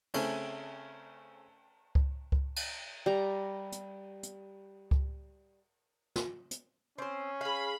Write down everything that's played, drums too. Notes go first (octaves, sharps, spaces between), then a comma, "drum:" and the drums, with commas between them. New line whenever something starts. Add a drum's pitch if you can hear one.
C#3 A3 C4 C#4, drum: cymbal
drum: kick C#2
drum: kick C#2
drum: cymbal
G3 A#5
drum: hi-hat
drum: hi-hat
drum: kick C#2
drum: snare
drum: hi-hat
C4 C#4 C5
G#4 F5 B5